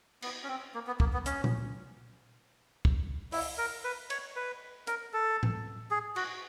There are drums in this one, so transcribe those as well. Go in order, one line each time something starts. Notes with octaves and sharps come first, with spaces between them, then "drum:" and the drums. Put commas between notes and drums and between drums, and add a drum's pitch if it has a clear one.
B3, drum: cymbal
C#4
C4
A#3
B3
A#3, drum: kick
B3
C#4, drum: hi-hat
drum: tom A#2
drum: kick
E4, drum: open hi-hat
A#4
B4
C#5, drum: cymbal
B4
A#4, drum: hi-hat
A4
drum: tom A2
G#4
F#4, drum: cymbal